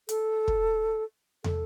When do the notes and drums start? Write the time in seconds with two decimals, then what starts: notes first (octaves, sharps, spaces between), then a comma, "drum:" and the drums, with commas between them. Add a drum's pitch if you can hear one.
0.09 A4, drum: hi-hat
0.48 drum: kick
1.44 A4, drum: tom